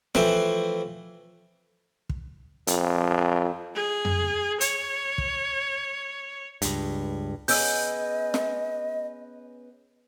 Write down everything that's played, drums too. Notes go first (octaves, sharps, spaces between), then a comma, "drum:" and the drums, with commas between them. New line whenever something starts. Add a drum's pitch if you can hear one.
E3 F3 A3 C4 C5, drum: snare
drum: kick
F2, drum: hi-hat
G#4
drum: tom F2
C#5, drum: hi-hat
drum: kick
C#2 G2, drum: hi-hat
B3 C#4 G#4 D#5 E6 G6, drum: open hi-hat
drum: snare